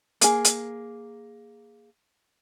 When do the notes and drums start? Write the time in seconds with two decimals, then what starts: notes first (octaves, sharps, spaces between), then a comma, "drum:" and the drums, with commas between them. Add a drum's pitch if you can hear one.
0.21 A#3 G#4, drum: hi-hat
0.45 drum: hi-hat